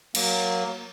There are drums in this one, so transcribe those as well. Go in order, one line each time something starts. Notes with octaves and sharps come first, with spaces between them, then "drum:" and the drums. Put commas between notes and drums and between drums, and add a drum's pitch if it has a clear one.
F#3 A#3, drum: cymbal